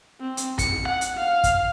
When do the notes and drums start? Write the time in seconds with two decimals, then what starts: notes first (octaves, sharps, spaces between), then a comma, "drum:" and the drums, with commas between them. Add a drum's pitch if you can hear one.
0.20 C4
0.37 drum: hi-hat
0.58 C#7, drum: kick, hi-hat
0.88 F#5
1.01 drum: hi-hat
1.17 F5
1.44 drum: kick, hi-hat